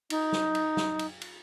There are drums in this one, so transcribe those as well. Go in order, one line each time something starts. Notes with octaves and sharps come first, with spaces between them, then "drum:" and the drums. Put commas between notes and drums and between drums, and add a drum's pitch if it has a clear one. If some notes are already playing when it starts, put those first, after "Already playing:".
D#4, drum: cymbal
drum: snare
drum: cymbal
drum: snare
drum: cymbal
drum: cymbal